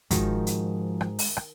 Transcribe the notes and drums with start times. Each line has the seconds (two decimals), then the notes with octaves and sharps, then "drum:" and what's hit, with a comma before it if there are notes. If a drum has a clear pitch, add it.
0.11 G#2 D#3 F3 G#3 F#4, drum: kick, hi-hat
0.47 drum: hi-hat
1.01 drum: rim click
1.19 drum: open hi-hat
1.37 drum: rim click